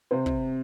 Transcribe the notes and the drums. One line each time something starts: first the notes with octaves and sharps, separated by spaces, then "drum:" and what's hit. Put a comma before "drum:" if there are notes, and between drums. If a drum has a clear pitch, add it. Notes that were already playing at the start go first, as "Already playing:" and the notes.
C3 C5
C3, drum: kick